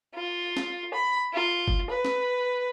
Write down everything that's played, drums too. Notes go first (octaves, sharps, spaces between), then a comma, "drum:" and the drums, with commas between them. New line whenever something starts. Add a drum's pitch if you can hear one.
F4
drum: snare C#4
B5
F4
drum: kick G1
B4
drum: snare C#4